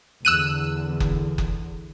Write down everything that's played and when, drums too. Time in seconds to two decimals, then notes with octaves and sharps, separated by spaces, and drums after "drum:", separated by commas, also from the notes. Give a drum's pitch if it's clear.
0.25 E2 D3 E6 F#6 D#7
1.00 drum: kick F#1
1.38 drum: kick F#1